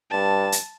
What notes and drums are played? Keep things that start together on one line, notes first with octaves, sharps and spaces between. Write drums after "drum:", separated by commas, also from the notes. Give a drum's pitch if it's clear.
G2 A5
drum: hi-hat